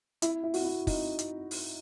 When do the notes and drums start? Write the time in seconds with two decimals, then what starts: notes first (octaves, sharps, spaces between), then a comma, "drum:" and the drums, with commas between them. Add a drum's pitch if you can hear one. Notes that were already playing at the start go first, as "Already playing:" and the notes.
0.22 E4, drum: hi-hat
0.43 E4
0.54 F#4, drum: open hi-hat
0.64 E4
0.87 D#4, drum: kick, open hi-hat
1.19 drum: hi-hat
1.51 drum: open hi-hat